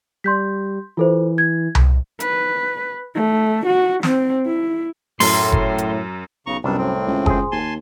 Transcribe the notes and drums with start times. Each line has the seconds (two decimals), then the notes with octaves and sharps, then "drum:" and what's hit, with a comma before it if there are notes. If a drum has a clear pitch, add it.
0.24 G3 C6 G6 B6
0.97 E3 F4 A4 C5
1.38 G#6
1.75 drum: tom C2
2.20 B4, drum: hi-hat
3.15 A3
3.65 F#4
4.03 C4, drum: snare
4.46 E4
5.20 F#2 A2 C6, drum: open hi-hat
5.52 drum: kick F#1
5.78 drum: hi-hat
6.46 B1 C#3 A#5 C#6
6.64 C2 F#2 B2 G3 D4
6.78 A2 C4
7.07 C#2
7.26 G#4 C5, drum: kick F#1
7.52 D#2 G#5 A5 C6